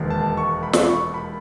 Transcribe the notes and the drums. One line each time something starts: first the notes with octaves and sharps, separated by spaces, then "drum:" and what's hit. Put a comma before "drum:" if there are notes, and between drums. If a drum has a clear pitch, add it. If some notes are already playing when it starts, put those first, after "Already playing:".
Already playing: E1 D#2 D#3 G#3
A5
C#6
B5
drum: snare
C#6
B5